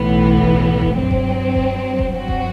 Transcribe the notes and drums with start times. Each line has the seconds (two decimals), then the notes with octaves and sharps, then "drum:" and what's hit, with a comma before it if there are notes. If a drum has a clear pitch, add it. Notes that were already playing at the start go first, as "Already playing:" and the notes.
Already playing: B1 A2 E3 B3
0.37 drum: kick F1
0.81 drum: kick F1
0.96 G2 F#3 C4
1.11 drum: kick F1
1.55 drum: kick F1
1.99 drum: kick F1
2.13 G2 F#3 C4 F#4
2.28 drum: kick F1